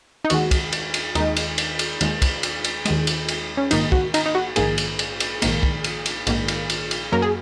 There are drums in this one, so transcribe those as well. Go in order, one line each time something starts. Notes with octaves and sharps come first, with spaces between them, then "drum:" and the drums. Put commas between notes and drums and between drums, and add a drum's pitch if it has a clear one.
D#4
D#2 D#3 G#3 F#4, drum: cymbal
drum: kick, cymbal
drum: cymbal
drum: cymbal
D#2 D#3 G#3 D#4, drum: cymbal
drum: cymbal
drum: cymbal
drum: cymbal
D#2 D#3 G#3, drum: cymbal
drum: kick, cymbal
drum: cymbal
drum: cymbal
D#2 D#3 G#3, drum: cymbal
drum: cymbal
drum: cymbal
C#4
A#1 G#2 D#3 A#3 D#4, drum: cymbal
F#4, drum: kick
D#4, drum: cymbal
D#4
F#4
A#1 G#2 D#3 A#3 G#4, drum: cymbal
drum: cymbal
drum: cymbal
drum: cymbal
A#1 G#2 D#3 A#3, drum: cymbal
drum: kick
drum: cymbal
drum: cymbal
A#1 G#2 D#3 A#3, drum: cymbal
drum: cymbal
drum: cymbal
drum: cymbal
F#2 F#3 A#3 A#4
G#4